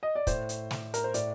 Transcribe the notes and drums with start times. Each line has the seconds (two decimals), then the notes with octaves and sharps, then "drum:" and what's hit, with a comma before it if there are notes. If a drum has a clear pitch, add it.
0.03 D#5
0.15 D5
0.27 A2 C5, drum: kick, hi-hat
0.49 drum: hi-hat
0.71 drum: snare
0.94 A#4, drum: hi-hat
1.04 C5
1.14 A2 D5, drum: hi-hat